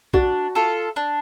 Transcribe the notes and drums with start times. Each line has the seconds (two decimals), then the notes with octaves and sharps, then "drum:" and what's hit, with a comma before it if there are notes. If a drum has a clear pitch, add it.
0.14 D4 F#4, drum: kick
0.55 F4 A4
0.96 D4